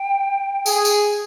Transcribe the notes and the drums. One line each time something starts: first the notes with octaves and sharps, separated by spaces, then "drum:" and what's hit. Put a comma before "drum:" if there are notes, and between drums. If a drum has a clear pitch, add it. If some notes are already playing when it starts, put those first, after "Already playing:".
Already playing: G5
G#4, drum: tambourine
drum: tambourine